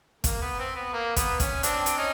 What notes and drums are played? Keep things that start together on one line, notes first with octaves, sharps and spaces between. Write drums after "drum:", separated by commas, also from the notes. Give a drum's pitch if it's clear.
A#3, drum: kick, hi-hat
B3
C4
B3
A#3
B3, drum: kick, hi-hat
C#4, drum: kick, hi-hat
C4 D4, drum: hi-hat
drum: hi-hat
C#4 D#4